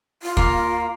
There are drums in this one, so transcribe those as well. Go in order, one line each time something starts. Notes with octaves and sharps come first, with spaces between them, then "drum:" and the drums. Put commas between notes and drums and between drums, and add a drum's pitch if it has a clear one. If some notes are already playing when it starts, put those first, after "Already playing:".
F4
A#3, drum: kick